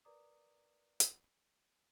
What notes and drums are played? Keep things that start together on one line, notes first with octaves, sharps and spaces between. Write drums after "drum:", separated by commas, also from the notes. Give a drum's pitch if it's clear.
A#4 B4 D5 A#5 D6 D#6
drum: hi-hat